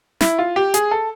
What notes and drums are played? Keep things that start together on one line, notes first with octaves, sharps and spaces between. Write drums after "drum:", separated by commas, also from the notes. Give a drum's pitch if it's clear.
E4, drum: snare
F4
G4
G#4, drum: hi-hat
A4